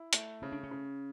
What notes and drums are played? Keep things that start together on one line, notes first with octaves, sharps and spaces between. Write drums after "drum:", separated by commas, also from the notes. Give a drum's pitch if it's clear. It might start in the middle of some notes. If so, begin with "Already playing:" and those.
Already playing: E4
A3, drum: hi-hat
C#3 C#4
D4
C#4
C#3